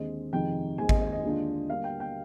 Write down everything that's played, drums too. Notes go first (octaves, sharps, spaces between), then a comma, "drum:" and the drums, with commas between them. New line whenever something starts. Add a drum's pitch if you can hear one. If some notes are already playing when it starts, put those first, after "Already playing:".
Already playing: D#2 D3 G#3 C4 D#5
F2 C3 D#3 G#3 D#4 G5
D#2 D#3 G#3 C4 G#5
D#5, drum: kick G#1
D#5
D#5
D#2 D3 G#3 D4 F4
D3 G3 A#3 F5
G5
G5